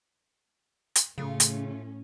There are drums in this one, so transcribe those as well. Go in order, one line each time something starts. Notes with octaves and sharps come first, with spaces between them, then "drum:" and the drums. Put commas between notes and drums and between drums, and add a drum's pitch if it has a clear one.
drum: hi-hat
A2 C#3 A3 C#4 F4
drum: hi-hat